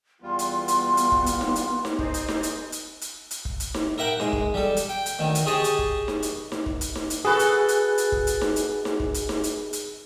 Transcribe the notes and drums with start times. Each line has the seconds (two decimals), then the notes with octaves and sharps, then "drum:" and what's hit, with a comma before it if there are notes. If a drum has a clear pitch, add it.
0.23 E2 G3 B3 F4 C6
0.39 drum: hi-hat
0.68 drum: hi-hat
0.97 drum: hi-hat
1.12 drum: kick
1.26 drum: hi-hat
1.41 drum: snare D#4
1.56 drum: hi-hat
1.85 drum: snare D#4
1.99 D#4 G#4 C5 D#5, drum: kick
2.14 drum: hi-hat
2.28 drum: snare D#4
2.43 drum: hi-hat
2.72 drum: hi-hat
3.01 drum: hi-hat
3.31 drum: hi-hat
3.45 drum: kick
3.60 drum: hi-hat
3.74 drum: snare D#4
3.98 A#4 E5 F#5 G5
4.20 G#3, drum: snare D#4
4.33 drum: kick
4.54 G3 A4
4.77 drum: hi-hat
4.89 G5
5.06 drum: hi-hat
5.19 D2 D#3
5.35 drum: hi-hat
5.46 G4 G#4 C#5 D#5 A5 C#6
5.64 drum: hi-hat
5.79 drum: kick
6.08 drum: snare D#4
6.22 drum: hi-hat
6.52 drum: snare D#4
6.66 drum: kick
6.81 drum: hi-hat
6.95 drum: snare D#4
7.10 drum: hi-hat
7.25 F#4 G#4 A4 B4
7.39 drum: hi-hat
7.68 drum: hi-hat
7.98 drum: hi-hat
8.12 drum: kick
8.27 drum: hi-hat
8.41 drum: snare D#4
8.56 drum: hi-hat
8.85 drum: snare D#4
9.00 drum: kick
9.14 drum: hi-hat
9.29 drum: snare D#4
9.44 drum: hi-hat
9.73 drum: hi-hat